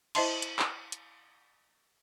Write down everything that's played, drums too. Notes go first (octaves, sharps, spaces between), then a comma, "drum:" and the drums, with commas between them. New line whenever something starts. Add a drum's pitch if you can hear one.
E4 C5 D#5 E5 A5 C6, drum: cymbal
drum: hi-hat
drum: clap
drum: hi-hat